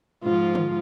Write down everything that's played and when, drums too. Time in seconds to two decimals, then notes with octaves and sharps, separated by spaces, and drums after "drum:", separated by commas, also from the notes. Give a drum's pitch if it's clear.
0.24 G#2 F3 F4
0.55 drum: tom D3